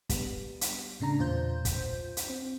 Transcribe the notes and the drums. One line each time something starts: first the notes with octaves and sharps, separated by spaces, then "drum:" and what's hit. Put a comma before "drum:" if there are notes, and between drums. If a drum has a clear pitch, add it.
G3 B3, drum: kick, hi-hat
drum: hi-hat
A2 C#3 D4 A#5
E2 A#2 F4 C5 G6
drum: kick, hi-hat
drum: hi-hat
C4